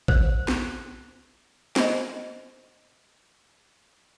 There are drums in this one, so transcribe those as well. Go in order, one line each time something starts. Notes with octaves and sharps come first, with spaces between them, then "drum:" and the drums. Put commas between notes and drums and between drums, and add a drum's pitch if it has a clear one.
C5, drum: kick
drum: snare
C5 D#5, drum: snare